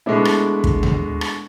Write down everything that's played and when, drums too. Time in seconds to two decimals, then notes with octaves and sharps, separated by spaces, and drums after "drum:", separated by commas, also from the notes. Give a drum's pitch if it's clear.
0.06 B2 G#3 A3 D4 E4
0.25 drum: rim click
0.64 drum: kick
0.83 drum: tom D#2
1.21 drum: rim click